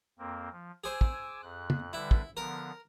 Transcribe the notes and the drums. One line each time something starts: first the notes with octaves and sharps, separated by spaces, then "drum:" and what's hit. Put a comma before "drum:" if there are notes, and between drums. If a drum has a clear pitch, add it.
F2 A#3 C4
F3
G#4 C5 G#5 D6 E6
drum: kick
F2 F#6
drum: tom
D3 G3 E4 B4
drum: kick
D3 F3 B3 A#4